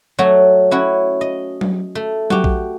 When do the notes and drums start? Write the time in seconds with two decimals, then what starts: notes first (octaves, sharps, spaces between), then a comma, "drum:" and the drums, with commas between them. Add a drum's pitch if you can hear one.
0.19 F#3 A3 F#4
0.71 C#4 E4 F#4
1.21 D#5
1.61 drum: tom F#3
1.95 A3
2.30 F#4 G4, drum: tom F#3
2.44 drum: kick A#1